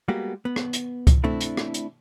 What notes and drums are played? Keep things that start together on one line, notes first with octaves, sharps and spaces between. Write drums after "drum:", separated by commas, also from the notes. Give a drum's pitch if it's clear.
G3 G#3 A#3 B3 F#4 G4
B3
drum: rim click
drum: hi-hat
drum: kick C#2, hi-hat
A3 C4 D4 E4
drum: hi-hat
drum: rim click
drum: hi-hat